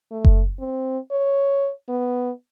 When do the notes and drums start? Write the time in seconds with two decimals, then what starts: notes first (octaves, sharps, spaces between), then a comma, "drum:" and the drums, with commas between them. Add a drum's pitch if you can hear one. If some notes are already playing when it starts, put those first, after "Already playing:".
0.11 A3
0.25 drum: kick F#1
0.59 C4
1.11 C#5
1.89 B3